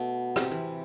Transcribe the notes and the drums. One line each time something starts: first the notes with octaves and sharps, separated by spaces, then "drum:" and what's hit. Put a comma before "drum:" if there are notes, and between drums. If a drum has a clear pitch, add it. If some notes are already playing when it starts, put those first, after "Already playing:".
Already playing: B2 A3 B3
C3 C4, drum: rim click
E3 E4